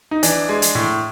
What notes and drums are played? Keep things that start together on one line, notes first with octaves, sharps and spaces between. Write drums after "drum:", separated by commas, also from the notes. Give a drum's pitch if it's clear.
D#4
E3 D4, drum: hi-hat
G#3
drum: hi-hat
A2